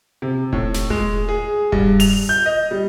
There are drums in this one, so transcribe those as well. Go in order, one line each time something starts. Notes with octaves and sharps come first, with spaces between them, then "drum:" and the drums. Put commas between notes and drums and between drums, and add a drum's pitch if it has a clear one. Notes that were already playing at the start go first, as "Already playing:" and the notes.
C3
A2, drum: kick E1
drum: snare
G#3, drum: kick E1
G#4
G2, drum: kick E1
F7, drum: open hi-hat
G6
D#5
G3